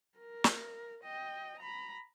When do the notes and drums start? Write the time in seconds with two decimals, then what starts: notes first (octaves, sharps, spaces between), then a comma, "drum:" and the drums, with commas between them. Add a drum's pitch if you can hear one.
0.18 A#4
0.44 drum: snare
1.03 D#5 G5
1.60 A#5 B5